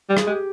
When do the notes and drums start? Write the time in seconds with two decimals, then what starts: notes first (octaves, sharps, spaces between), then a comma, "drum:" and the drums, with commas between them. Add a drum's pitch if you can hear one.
0.10 G3
0.17 G#4, drum: rim click
0.27 G#3 G4